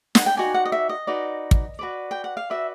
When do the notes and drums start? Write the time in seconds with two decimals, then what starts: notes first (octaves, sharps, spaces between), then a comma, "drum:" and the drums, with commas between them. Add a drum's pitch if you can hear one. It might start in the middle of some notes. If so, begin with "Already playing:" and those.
0.15 F#5, drum: snare
0.26 G5
0.37 D#4 F#4 B4 D5 G#5
0.54 F#5
0.65 D#5
0.72 E5
0.89 D#5
1.07 D#4 F#4 B4 D5
1.51 drum: kick
1.79 F#4 B4 D5
2.11 G5
2.24 F#5
2.37 F5
2.50 F#4 B4 D5 E5